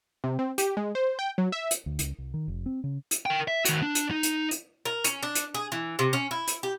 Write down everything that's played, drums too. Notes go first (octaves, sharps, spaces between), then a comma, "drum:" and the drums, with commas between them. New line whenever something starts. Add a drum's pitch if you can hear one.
C3
C4
G4, drum: hi-hat
G#3
C5
G5
F#3
E5
drum: hi-hat
D2
C#2, drum: hi-hat
C2
D#3
F1
C4
C#3
drum: hi-hat
A#4 G5
E5
D#3 F#4, drum: hi-hat
D4
drum: hi-hat
D#4
drum: hi-hat
drum: hi-hat
A#4
C#4, drum: hi-hat
D4
drum: hi-hat
G#4
E3
C3
C#4
E4
drum: hi-hat
G4